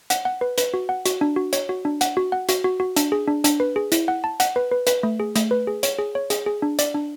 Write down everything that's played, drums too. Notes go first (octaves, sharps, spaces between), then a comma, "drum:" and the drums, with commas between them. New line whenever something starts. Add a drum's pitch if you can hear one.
F#5, drum: hi-hat
F#5
B4
B4, drum: hi-hat
F#4
F#5
F#4, drum: hi-hat
D4
F#4
C#5, drum: hi-hat
F#4
D4
F#5, drum: hi-hat
F#4
F#5
F#4, drum: hi-hat
F#4
F#4
D4, drum: hi-hat
G#4
D4
D4, drum: hi-hat
B4
G#4
E4, drum: hi-hat
F#5
A5
F#5, drum: hi-hat
B4
B4
B4, drum: hi-hat
A3
G#4
A3, drum: hi-hat
B4
G#4
C#5, drum: hi-hat
G#4
C#5
G#4, drum: hi-hat
G#4
D4
D5, drum: hi-hat
D4